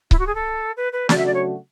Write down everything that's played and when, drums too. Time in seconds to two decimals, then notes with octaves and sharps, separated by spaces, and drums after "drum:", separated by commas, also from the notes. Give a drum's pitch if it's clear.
0.11 E4, drum: kick C#1
0.19 F#4
0.27 G#4
0.35 A4
0.77 B4
0.93 B4
1.09 C#3 F#3 A3 D4 F#4 D5, drum: snare
1.18 E5
1.26 D5
1.34 C#5